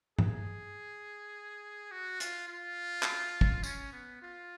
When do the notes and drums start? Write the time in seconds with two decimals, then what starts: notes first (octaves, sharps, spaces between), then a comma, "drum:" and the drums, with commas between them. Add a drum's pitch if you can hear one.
0.19 G#4, drum: tom G2
1.91 F#4
2.20 F4, drum: hi-hat
2.48 F4
3.03 drum: clap
3.41 drum: kick
3.63 C#4, drum: tambourine
3.93 B3
4.22 F4